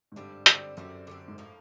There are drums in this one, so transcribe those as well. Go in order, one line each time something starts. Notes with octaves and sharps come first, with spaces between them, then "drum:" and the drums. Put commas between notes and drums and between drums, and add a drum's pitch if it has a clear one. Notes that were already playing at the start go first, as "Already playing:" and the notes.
G#2
G2 D3 G3 C4
D3 G3 C4, drum: hi-hat
F#2 D3 G3 C4
D3 G3 C4
G#2
A2 F3 A#3